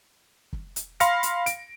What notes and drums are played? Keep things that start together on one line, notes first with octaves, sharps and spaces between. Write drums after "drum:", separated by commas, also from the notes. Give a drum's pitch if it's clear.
drum: kick
drum: hi-hat
F5 B5 C6 F6 A#6 C#7, drum: hi-hat
drum: hi-hat
D7, drum: hi-hat